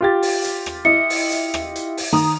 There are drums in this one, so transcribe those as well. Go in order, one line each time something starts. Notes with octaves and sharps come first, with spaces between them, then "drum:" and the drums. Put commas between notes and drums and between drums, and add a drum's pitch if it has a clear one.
F4 G4 A6
drum: open hi-hat
drum: hi-hat
drum: rim click
E4 D#5 C#7
drum: open hi-hat
drum: hi-hat
drum: rim click
drum: hi-hat
drum: open hi-hat
D#3 A#5 D#6